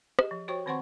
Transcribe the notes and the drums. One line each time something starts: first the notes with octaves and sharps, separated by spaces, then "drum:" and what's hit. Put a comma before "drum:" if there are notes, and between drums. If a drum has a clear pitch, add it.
G4 G#4 D#5, drum: rim click
F3
F#4 C5 C#5 G5 C#6
D#3 C4 C5 F#5 C6 C#6